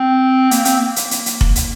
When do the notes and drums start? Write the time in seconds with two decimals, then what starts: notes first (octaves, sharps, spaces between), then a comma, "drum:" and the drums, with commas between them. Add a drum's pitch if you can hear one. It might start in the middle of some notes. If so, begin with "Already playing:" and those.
Already playing: C4
0.51 A#3, drum: hi-hat
0.65 C4, drum: hi-hat
0.78 A#3
0.96 drum: hi-hat
1.11 drum: hi-hat
1.26 drum: hi-hat
1.41 drum: kick F1
1.56 drum: hi-hat